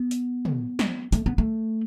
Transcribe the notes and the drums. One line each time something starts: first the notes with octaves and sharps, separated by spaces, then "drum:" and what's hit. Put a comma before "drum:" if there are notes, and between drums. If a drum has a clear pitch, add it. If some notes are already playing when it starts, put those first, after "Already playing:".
Already playing: B3
drum: hi-hat
drum: tom
drum: snare
A3, drum: hi-hat
B3
A3